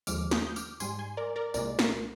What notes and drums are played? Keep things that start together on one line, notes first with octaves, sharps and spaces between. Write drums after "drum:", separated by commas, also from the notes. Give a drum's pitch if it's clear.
D#2 D3 F3 G#3 D6 F6, drum: tambourine
D#6 G6, drum: snare
G6
D6 F6, drum: tambourine
G#2 G3 G#5 C6, drum: tambourine
G#5 C6
A#4 D5
A#4 D5
C2 A#2 G#3 A#4 D5, drum: tambourine
A#4, drum: snare